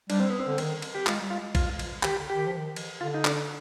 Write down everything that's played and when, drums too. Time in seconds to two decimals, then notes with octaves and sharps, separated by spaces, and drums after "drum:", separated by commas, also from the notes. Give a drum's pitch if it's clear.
0.10 G3 D4, drum: cymbal
0.20 C4
0.30 B3
0.40 C4
0.47 D3
0.58 D#3, drum: cymbal
0.82 drum: cymbal
0.95 G4
1.07 G#3 F4, drum: clap
1.21 G3
1.30 F4
1.34 G#3
1.55 F4, drum: kick A#1, cymbal
1.79 drum: cymbal
2.03 D#3 G4, drum: clap
2.20 D3
2.30 G4
2.35 D#3
2.46 F3
2.57 D#3
2.76 drum: cymbal
3.01 D3 F4
3.14 D#4
3.25 D4, drum: clap